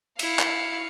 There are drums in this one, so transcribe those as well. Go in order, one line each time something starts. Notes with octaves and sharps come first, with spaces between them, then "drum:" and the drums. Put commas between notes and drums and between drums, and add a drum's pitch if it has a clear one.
E4 F5 C#7, drum: cymbal
drum: clap